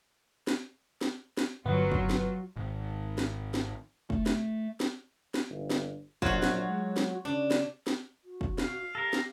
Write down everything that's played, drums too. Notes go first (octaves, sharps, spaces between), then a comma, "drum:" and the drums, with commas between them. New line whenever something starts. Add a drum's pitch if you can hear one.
drum: snare
drum: snare
drum: snare
G1 F#3 B3 F4 B4
drum: kick F1
drum: snare
G#1
drum: snare
drum: snare
A3, drum: kick F1
drum: snare
drum: snare
drum: snare
G1
drum: snare
A#1 F#3 F4 F#4, drum: kick F1
drum: snare
G#3
drum: snare
C#3 D4
drum: snare
drum: snare
F#4
drum: kick F1
F5, drum: snare
G4 A4 A#4 A#6
drum: snare